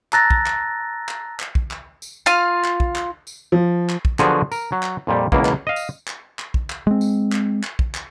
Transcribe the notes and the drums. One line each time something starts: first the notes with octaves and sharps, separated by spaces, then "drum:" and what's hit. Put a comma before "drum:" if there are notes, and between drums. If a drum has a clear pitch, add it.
A5 A#5 E6 F#6 A6 A#6, drum: clap
drum: kick
drum: clap
drum: clap
drum: clap
drum: kick
drum: clap
drum: tambourine
F4 F5 F6
drum: clap
drum: kick
drum: clap
drum: tambourine
F3
drum: clap
drum: kick
D3 F3 F#3 B3 F#4 G#4, drum: clap
A#4, drum: tambourine
F#3
drum: clap
F2 A#2 G3
C#2 B2 E3 A#3, drum: kick
drum: clap
D#5 F5
drum: tambourine
drum: clap
drum: clap
drum: kick
drum: clap
G#3 C4
drum: tambourine
drum: clap
drum: clap
drum: kick
drum: clap